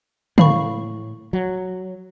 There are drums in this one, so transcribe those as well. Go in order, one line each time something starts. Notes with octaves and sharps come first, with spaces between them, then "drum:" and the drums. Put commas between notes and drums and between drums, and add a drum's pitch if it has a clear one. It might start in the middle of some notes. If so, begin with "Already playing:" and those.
A2 F5 B5 C#6, drum: tom
F#3